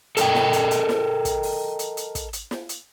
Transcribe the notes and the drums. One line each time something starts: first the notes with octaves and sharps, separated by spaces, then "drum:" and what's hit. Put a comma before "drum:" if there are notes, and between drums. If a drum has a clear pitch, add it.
A4 A#4 D5 D#5 G5, drum: hi-hat
drum: snare
drum: hi-hat
drum: hi-hat
drum: snare
drum: kick, hi-hat
drum: open hi-hat
drum: hi-hat
drum: hi-hat
drum: kick, hi-hat
drum: hi-hat
drum: snare
drum: hi-hat